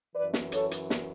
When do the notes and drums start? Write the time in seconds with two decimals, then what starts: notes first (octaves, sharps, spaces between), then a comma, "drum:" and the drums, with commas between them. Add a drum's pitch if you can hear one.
0.15 F#2 E3 B4 D5
0.34 drum: snare
0.52 A4 C#5, drum: hi-hat
0.71 drum: hi-hat
0.90 drum: snare